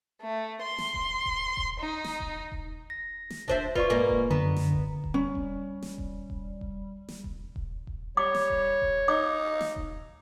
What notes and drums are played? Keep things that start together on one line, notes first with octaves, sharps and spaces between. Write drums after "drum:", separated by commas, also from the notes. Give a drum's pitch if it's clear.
A3
C6
drum: snare
drum: kick D#1
drum: kick D#1
drum: kick D#1
D#4
drum: snare
drum: kick D#1
drum: kick D#1
A#6
drum: snare
D4 C5 E5, drum: kick D#1
F4 B4 D5 C#6, drum: kick D#1
G#2 A#3 A#4
drum: kick D#1
F#2 D3 B3 A#5
drum: snare
drum: kick D#1
drum: kick D#1
G3 C#4
drum: kick D#1
drum: snare
drum: kick D#1
drum: kick D#1
drum: kick D#1
drum: snare
drum: kick D#1
drum: kick D#1
drum: kick D#1
G3 C#5 D6
drum: snare
drum: kick D#1
drum: kick D#1
D#4 D6
drum: snare
drum: kick D#1